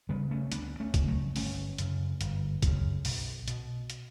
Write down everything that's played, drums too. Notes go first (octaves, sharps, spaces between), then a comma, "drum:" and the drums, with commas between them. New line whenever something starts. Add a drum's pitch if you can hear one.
C#3 G3 B3
A3 C#4
D2 B3 D4, drum: hi-hat
A3 C#4
C#3, drum: kick, hi-hat
F#3 A3
G1 A3 C#4, drum: open hi-hat
F#2 C#3, drum: hi-hat
G1, drum: hi-hat
F#2 C#3, drum: kick, hi-hat
B1, drum: open hi-hat
B2, drum: hi-hat
drum: hi-hat